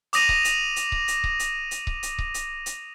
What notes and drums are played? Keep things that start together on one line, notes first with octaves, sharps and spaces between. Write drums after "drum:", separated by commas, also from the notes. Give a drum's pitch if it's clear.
D6 D#6 A#6 D#7 F7, drum: hi-hat
drum: kick C#1
drum: hi-hat
drum: hi-hat
drum: kick C#1
drum: hi-hat
drum: kick C#1
drum: hi-hat
drum: hi-hat
drum: kick C#1
drum: hi-hat
drum: kick C#1
drum: hi-hat
drum: hi-hat